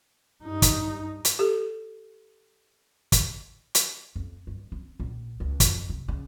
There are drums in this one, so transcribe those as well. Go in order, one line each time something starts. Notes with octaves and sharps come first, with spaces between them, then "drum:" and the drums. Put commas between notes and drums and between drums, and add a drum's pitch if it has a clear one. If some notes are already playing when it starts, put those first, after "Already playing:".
G2 D#4
drum: kick, hi-hat
drum: hi-hat
G4 A4
drum: kick, hi-hat
drum: hi-hat
F2
G2
C4
A#1
C#2
F2, drum: kick, hi-hat
C3
C#3